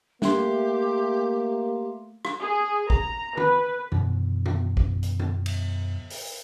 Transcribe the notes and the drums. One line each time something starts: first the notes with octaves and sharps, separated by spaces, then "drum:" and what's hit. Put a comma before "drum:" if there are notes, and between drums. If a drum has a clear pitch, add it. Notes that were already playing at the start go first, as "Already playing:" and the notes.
A3 A#3 G4 C6, drum: snare
drum: rim click
G#4
A#5, drum: kick A1
B4, drum: tom D3
F#2 B2 D3 E3, drum: tom D3
drum: tom D3
drum: kick A1
drum: hi-hat
drum: tom D3
drum: cymbal
drum: open hi-hat